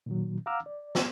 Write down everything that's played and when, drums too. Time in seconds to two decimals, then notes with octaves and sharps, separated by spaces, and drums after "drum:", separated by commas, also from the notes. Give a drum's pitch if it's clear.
0.06 A#2 D#3 F#3
0.46 F5 F#5 A#5 D6 E6 F6
0.66 D5
0.95 drum: snare